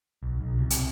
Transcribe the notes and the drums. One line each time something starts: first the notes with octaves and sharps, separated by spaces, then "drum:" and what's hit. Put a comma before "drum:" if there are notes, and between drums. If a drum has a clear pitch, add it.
B1
B1
C2
C3, drum: hi-hat